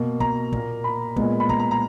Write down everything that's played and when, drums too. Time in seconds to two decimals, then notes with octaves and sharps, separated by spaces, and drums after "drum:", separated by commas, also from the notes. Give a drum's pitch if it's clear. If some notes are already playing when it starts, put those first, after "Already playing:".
Already playing: B2 A#3
0.20 A#5, drum: kick
0.52 A#2 A#3, drum: kick
0.84 B5
1.16 A#2 G#3 B3, drum: kick
1.40 B5
1.49 A#5, drum: kick
1.60 A#5
1.71 A#5